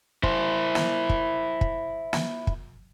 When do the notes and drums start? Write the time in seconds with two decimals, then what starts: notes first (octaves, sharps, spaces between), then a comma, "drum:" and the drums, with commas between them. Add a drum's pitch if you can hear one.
0.23 E4 C5, drum: kick
0.75 drum: snare
1.09 drum: kick
1.61 drum: kick
2.13 drum: snare
2.47 drum: kick